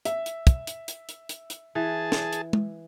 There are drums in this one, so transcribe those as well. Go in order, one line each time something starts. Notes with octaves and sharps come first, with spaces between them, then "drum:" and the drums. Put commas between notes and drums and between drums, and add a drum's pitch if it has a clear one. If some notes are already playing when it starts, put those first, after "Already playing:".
E5, drum: hi-hat
drum: hi-hat
drum: kick, hi-hat
drum: hi-hat
drum: hi-hat
drum: hi-hat
drum: hi-hat
drum: hi-hat
E3 G#4 A5
drum: snare
drum: hi-hat
drum: tom